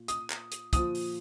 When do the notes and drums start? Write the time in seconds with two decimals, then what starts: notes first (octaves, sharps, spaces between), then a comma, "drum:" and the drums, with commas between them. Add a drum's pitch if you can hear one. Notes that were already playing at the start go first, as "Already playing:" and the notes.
Already playing: A#2
0.08 D#6, drum: hi-hat
0.30 drum: clap
0.52 drum: hi-hat
0.73 A#2 F3 D#6, drum: kick, hi-hat
0.95 drum: open hi-hat